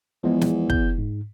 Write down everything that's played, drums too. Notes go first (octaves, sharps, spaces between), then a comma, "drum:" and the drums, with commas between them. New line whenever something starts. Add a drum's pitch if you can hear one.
E2 F3 G#3 B3
drum: snare
G6, drum: kick
G#2